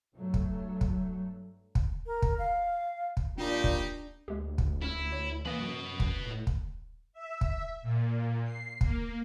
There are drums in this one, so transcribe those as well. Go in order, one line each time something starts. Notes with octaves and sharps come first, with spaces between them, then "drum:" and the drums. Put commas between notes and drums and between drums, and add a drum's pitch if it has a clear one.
G2 F#3 A3
drum: kick
drum: kick
drum: kick
A#4
drum: kick
F5
drum: kick
A#2 G3 D4 D#4 G4
drum: kick
D2 G#3 G4
drum: kick
C#2 C#4 E4
C#5
E3 A#3 B4 D#5
F#2
drum: kick
A2
drum: kick
E5
drum: kick
A#2
C7
A#3, drum: kick